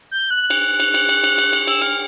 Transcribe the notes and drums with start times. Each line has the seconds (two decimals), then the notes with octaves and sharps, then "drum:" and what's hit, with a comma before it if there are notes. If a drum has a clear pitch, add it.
0.11 G6
0.31 F#6
0.50 drum: cymbal
0.80 drum: cymbal
0.94 drum: cymbal
1.09 drum: cymbal
1.24 drum: cymbal
1.38 drum: cymbal
1.53 drum: cymbal
1.67 E6, drum: cymbal
1.82 F6, drum: cymbal